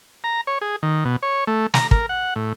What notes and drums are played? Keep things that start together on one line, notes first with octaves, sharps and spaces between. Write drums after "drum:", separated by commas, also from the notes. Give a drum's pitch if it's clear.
A#5
C#5
G#4
D#3
B2
C#5
A3
A#5, drum: snare
A#4, drum: kick
F#5
A2